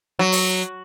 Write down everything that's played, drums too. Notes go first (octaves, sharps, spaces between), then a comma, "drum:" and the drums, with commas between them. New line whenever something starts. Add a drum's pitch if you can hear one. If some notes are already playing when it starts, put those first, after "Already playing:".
F#3
drum: open hi-hat